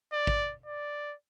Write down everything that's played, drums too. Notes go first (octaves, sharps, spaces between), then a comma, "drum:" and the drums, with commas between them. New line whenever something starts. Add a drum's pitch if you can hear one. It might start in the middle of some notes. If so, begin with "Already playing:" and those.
D5
drum: kick
D5